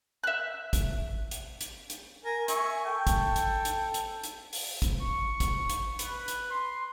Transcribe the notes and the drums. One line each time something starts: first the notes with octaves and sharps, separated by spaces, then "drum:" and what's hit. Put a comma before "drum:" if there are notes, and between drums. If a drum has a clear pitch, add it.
E5 F#6
drum: kick, hi-hat
drum: hi-hat
drum: hi-hat
drum: hi-hat
A#4 G#5
E5 G#5 C#6, drum: hi-hat
A4 G5
drum: kick, hi-hat
drum: hi-hat
drum: hi-hat
drum: hi-hat
drum: hi-hat
drum: open hi-hat
drum: kick, hi-hat
C#6
drum: kick, hi-hat
drum: hi-hat
B4, drum: hi-hat
drum: hi-hat
C6